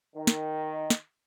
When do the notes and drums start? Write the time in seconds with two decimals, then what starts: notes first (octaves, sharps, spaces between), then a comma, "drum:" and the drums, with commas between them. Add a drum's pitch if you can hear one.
0.15 D#3
0.27 drum: snare
0.90 drum: snare